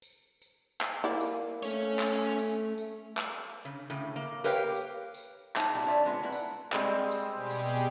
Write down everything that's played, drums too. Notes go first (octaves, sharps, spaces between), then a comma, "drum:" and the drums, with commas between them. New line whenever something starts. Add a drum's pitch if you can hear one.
drum: tambourine
drum: tambourine
drum: clap
A#3 E4 D5
drum: tambourine
A3 C#4 C#5, drum: tambourine
drum: clap
drum: tambourine
drum: tambourine
drum: clap
C#3
A2 C#3
A#3
G4 A#4 B4 C#5 F5 G5
drum: tambourine
drum: tambourine
D#4 A5, drum: clap
A#2 G3 E4 F#4
D4 F4 C#5 D5 E5 A5
G#3 B3 C4
A#3 E4 B4 F#5
drum: tambourine
G3 G#3 C4, drum: clap
drum: tambourine
B2 G4 G#4
drum: tambourine